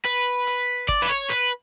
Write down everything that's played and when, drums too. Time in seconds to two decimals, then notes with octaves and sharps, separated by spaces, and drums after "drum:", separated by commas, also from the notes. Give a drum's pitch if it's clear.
0.05 B4, drum: hi-hat
0.47 drum: hi-hat
0.89 D5, drum: kick, hi-hat
1.02 B4
1.09 C#5
1.30 B4, drum: hi-hat